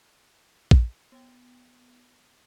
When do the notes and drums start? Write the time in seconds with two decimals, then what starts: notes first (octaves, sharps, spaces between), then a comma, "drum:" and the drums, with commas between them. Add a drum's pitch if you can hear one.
0.71 drum: kick
1.12 B3 G5